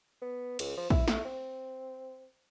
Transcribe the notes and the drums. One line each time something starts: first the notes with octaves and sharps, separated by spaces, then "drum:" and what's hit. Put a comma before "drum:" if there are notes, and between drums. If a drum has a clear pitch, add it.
B3
C#2, drum: cymbal
F3
E4, drum: kick
A3, drum: snare
C4